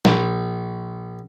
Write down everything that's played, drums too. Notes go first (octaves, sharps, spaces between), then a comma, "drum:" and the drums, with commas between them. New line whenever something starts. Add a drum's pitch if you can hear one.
A#1, drum: snare